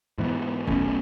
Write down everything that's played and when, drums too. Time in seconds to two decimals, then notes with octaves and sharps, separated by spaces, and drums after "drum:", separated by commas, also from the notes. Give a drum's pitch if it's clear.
0.18 G#2 E3 B3
0.67 B1 B2 A3 C#4, drum: kick F1